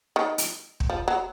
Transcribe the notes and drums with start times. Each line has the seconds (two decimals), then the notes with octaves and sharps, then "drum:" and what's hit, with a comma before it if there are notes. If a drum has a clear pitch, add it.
0.16 D#3
0.38 drum: hi-hat
0.80 drum: kick
0.90 F3
1.08 F#3